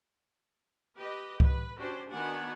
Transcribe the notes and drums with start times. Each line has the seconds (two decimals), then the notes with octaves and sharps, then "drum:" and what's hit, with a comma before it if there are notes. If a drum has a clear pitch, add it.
0.96 G4 B4 D#5
1.40 B4, drum: kick C2
1.77 C#4 D4 F#4 G4 C5
2.12 D#3 B3 D4 F#4 F#5 G#5